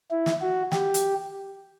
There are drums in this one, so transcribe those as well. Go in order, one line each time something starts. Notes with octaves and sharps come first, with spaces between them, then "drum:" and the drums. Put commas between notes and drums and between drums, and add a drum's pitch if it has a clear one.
E4
drum: snare
F#4
G4, drum: snare
drum: hi-hat